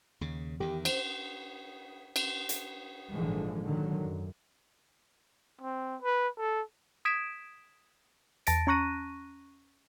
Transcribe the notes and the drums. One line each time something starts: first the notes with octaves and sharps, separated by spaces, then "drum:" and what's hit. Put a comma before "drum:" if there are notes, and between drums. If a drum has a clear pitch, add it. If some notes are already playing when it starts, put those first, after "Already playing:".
D#2 C#3
E2 D#3 G4
C5, drum: cymbal
drum: cymbal
drum: hi-hat
G#1 A#2 D3 E3 F3 G#3
D3 D#3 F#3
F#2
C4
B4
A4
D#6 G#6 B6 D7 E7
E2 A5 A6 A#6 D7, drum: hi-hat
C#4 A#5 C#6 F#6 A#6 D#7